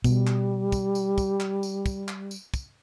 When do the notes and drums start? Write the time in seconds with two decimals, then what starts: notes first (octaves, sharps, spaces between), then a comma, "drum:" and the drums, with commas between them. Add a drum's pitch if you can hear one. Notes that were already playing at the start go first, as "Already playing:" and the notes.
0.04 B2 G3, drum: kick, tambourine
0.27 drum: clap
0.72 drum: kick, tambourine
0.95 drum: tambourine
1.18 drum: kick, tambourine
1.40 drum: clap
1.63 drum: tambourine
1.86 drum: kick, tambourine
2.08 drum: clap
2.31 drum: tambourine
2.54 drum: kick, tambourine